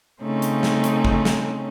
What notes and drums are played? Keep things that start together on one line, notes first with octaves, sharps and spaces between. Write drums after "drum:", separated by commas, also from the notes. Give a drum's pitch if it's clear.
C#3 A3 C4 C#4 D#4
drum: hi-hat
drum: snare
drum: hi-hat
drum: kick
drum: snare